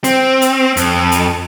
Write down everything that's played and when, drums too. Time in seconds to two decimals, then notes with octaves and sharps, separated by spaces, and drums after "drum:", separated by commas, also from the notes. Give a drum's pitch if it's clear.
0.04 C4, drum: hi-hat
0.42 drum: hi-hat
0.77 F2, drum: hi-hat
1.12 drum: hi-hat